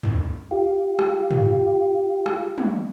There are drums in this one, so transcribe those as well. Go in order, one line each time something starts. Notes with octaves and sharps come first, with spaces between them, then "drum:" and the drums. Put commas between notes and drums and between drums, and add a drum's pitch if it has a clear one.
drum: tom
F4 G4
drum: rim click
drum: tom
drum: rim click
drum: tom